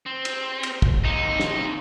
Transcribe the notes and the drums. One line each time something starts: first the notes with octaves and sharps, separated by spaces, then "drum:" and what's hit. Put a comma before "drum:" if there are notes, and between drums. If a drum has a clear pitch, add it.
C4
drum: cymbal
drum: cymbal
drum: kick
D#2 C3 D#4
drum: snare